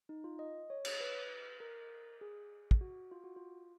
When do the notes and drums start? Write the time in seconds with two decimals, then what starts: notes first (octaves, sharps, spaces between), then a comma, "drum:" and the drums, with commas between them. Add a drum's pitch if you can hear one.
0.09 D#4
0.24 F4
0.39 D#5
0.70 C#5
0.85 C#5, drum: cymbal
1.00 B4
1.60 A#4
2.21 G#4
2.71 drum: kick
2.81 F#4
3.12 F4
3.24 F#4
3.36 F4